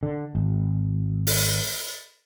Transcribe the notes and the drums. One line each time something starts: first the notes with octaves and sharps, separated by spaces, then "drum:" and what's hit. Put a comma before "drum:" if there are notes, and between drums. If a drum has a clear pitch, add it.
D3
G#1
drum: open hi-hat